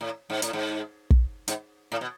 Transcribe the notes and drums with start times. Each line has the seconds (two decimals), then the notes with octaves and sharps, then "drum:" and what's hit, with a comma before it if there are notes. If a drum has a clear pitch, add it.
0.01 A2
0.30 G#2
0.42 A2, drum: hi-hat
0.53 G#2
1.10 drum: kick
1.48 G#2, drum: hi-hat
1.92 A2
2.01 B2